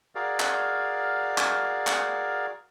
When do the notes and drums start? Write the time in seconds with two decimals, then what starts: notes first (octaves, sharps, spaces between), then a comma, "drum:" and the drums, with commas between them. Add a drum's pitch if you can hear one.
0.15 F#4 G#4 A#4 D5 F5
0.40 drum: clap
1.38 drum: clap
1.87 drum: clap